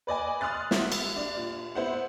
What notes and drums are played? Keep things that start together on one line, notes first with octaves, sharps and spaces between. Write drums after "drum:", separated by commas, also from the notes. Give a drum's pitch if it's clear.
B4 D5 D#5 G#5
C6 D#6 F6 F#6 A6
E5 F#5, drum: snare
drum: cymbal
D4
A#2
B3 E4 C5 F#5